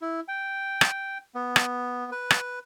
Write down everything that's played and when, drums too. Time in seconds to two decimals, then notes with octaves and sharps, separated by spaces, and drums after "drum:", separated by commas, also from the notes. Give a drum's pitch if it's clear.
0.02 E4
0.28 G5
0.81 drum: rim click
1.35 B3
1.56 drum: rim click
2.12 B4
2.31 drum: rim click